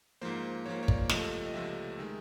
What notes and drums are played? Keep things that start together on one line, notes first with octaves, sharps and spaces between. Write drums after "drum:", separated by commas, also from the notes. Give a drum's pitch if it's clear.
G#2 F3 A#3 C5
G#2 F3 A#3 C#5
C#5
D5, drum: kick
C#2 C3 F3 A3 C4 D#5, drum: snare
D#5
C#2 C3 F3 A3 C4 E5
D#3 G#3